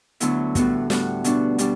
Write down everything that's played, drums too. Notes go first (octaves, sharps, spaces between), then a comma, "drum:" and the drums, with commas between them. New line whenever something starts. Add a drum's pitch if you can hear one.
D2 D3 F#3 B3 E4, drum: hi-hat
A2 G3 B3 F#4, drum: kick, hi-hat
A2 G3 B3 F#4, drum: snare
B2 G3 D4 F#4, drum: hi-hat
B2 G3 D4, drum: hi-hat